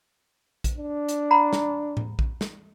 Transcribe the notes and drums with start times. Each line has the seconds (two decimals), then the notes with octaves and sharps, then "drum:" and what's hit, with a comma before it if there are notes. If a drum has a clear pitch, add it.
0.64 drum: kick A#1, hi-hat
0.77 D4
1.08 drum: hi-hat
1.31 F#5 A#5 B5
1.53 drum: snare
1.97 drum: tom A2
2.19 drum: kick A#1
2.41 drum: snare